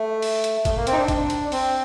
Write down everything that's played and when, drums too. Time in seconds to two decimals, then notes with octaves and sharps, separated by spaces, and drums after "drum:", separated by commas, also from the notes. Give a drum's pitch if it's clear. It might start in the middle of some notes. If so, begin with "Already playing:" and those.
Already playing: A3
0.22 drum: open hi-hat
0.44 drum: hi-hat
0.65 A3, drum: kick, hi-hat
0.76 A#3
0.87 C4, drum: hi-hat
0.93 D#4
0.98 D4
1.08 drum: kick, hi-hat
1.30 drum: hi-hat
1.52 C4, drum: open hi-hat